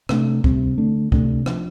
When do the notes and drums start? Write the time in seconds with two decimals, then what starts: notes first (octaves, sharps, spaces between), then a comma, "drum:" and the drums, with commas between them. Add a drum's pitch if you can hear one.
0.09 C3 A3 D4, drum: rim click
0.44 C3 G3 C4, drum: kick C#2
0.78 D3 A3 D4
1.12 C3 A3 D4, drum: kick C#2
1.46 F3 D4, drum: rim click